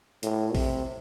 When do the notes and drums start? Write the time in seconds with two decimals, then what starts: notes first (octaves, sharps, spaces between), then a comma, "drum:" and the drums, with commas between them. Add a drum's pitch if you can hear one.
0.23 A2, drum: hi-hat
0.55 C3, drum: kick A#1, open hi-hat